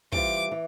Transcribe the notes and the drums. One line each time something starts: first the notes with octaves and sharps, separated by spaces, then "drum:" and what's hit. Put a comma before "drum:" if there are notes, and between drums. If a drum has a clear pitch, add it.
E3 G3 C4 F4 D6, drum: kick
E3